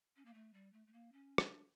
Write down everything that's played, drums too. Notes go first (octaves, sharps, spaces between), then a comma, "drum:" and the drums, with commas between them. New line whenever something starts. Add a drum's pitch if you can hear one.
C#4
A#3
A3
G3
A3
A3
A#3
C#4
D4, drum: rim click